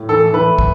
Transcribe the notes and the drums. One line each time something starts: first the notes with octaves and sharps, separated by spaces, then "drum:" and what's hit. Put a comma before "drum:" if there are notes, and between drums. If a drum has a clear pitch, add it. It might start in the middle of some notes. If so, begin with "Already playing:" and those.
Already playing: A2
E3 A4
E3 B4
drum: kick